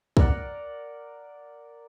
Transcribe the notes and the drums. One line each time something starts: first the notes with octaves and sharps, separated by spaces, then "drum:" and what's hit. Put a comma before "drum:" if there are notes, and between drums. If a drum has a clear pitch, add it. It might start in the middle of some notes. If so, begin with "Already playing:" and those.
A#4 D5 F#5, drum: kick